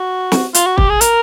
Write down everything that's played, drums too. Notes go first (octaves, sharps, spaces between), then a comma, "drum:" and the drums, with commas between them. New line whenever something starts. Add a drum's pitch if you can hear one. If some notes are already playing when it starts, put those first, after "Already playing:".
Already playing: F#4
drum: snare
F4, drum: hi-hat
F#4
G4, drum: kick
G#4
A#4, drum: hi-hat